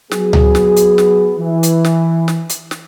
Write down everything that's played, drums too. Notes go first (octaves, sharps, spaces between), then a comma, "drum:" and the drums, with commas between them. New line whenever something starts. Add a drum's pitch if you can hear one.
F#3 B3 G#4, drum: snare
drum: tom C#2
drum: snare
drum: hi-hat
drum: snare
E3
drum: hi-hat
drum: snare
drum: snare
drum: hi-hat
drum: snare